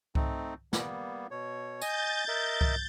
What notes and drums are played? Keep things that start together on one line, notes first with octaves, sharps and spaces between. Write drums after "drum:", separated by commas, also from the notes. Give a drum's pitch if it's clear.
A3 C4 D#4, drum: kick C2
G3 A#3 B3, drum: snare
B2 C#5
D#5 G#5 G6 A6, drum: tambourine
A#4 D#5 E5
drum: kick C2